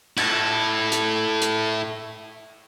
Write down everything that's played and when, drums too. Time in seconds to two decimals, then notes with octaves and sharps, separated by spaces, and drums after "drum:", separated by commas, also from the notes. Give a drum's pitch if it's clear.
0.17 E4 A4, drum: cymbal
0.92 drum: hi-hat
1.42 drum: hi-hat